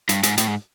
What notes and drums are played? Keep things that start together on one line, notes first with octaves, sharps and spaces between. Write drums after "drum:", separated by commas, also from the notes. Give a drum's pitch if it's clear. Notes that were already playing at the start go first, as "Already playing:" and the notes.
G2, drum: hi-hat
G#2, drum: hi-hat
A2, drum: hi-hat
G#2